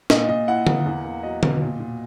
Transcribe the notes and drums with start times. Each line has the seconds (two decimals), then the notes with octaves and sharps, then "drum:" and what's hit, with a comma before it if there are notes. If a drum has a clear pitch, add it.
0.10 A#2 D#5, drum: snare
0.29 A#2 D#5
0.48 E4 F#5
0.67 A#3, drum: tom D3
0.86 E2
1.04 A#3
1.23 F#3 D#5
1.43 B2, drum: tom D3
1.61 A#2
1.80 A#2